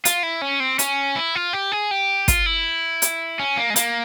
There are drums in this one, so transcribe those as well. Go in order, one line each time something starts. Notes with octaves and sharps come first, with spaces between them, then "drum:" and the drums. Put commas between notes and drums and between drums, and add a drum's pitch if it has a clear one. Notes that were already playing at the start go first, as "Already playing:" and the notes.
F4, drum: hi-hat
E4
C#4
C4
C#4, drum: hi-hat
E4
F4
G4
G#4
G4
F4, drum: kick, hi-hat
E4
drum: hi-hat
C#4
A#3
G#3
A#3, drum: hi-hat